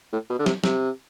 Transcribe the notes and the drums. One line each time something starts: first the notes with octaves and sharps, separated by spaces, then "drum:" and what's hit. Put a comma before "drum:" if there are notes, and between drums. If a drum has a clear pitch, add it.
A2
B2
D3
C3, drum: snare
C3, drum: snare